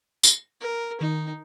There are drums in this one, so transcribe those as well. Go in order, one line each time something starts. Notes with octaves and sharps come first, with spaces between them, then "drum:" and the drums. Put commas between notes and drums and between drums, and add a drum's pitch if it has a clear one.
drum: tambourine
A#4
D#3 D#4